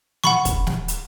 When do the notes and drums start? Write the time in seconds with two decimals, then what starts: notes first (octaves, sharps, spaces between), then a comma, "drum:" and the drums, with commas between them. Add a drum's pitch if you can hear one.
0.24 F#5 B5 C#6, drum: snare
0.45 drum: kick, hi-hat
0.67 drum: snare
0.88 drum: hi-hat